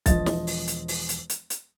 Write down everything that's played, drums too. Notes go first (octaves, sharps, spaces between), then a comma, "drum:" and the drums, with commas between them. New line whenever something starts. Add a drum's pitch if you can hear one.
E1 F3 D#5 A6, drum: kick B1, hi-hat
drum: snare
drum: open hi-hat
drum: hi-hat
drum: open hi-hat
drum: hi-hat
drum: hi-hat
drum: hi-hat